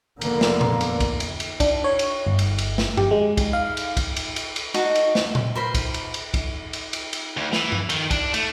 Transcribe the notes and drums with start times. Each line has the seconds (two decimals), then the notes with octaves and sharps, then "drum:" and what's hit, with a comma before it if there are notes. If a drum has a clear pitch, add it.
0.21 F1 D3 A#3 B3, drum: cymbal
0.41 drum: snare
0.61 drum: tom A#2
0.81 drum: cymbal
1.00 drum: kick, cymbal
1.20 drum: cymbal
1.40 drum: cymbal
1.60 D4, drum: kick, cymbal
1.84 C#5
1.99 drum: cymbal
2.27 G1
2.39 drum: cymbal
2.58 drum: cymbal
2.78 drum: snare
2.97 G4, drum: tom G2
3.11 G#3
3.37 drum: kick, cymbal
3.53 F5
3.77 drum: cymbal
3.97 drum: kick, cymbal
4.16 drum: cymbal
4.36 drum: cymbal
4.56 drum: cymbal
4.74 D#4 F#4 D#5 A5, drum: cymbal
4.95 drum: cymbal
5.15 drum: snare
5.35 drum: tom A#2
5.56 A#4 C5 B5
5.74 drum: kick, cymbal
5.94 drum: cymbal
6.14 drum: cymbal
6.34 drum: kick, cymbal
6.73 drum: cymbal
6.93 drum: cymbal
7.13 drum: cymbal
7.37 D2
7.53 E3, drum: snare
7.72 drum: tom G2
7.90 D#3, drum: cymbal
8.11 D4, drum: kick, cymbal
8.34 A3, drum: cymbal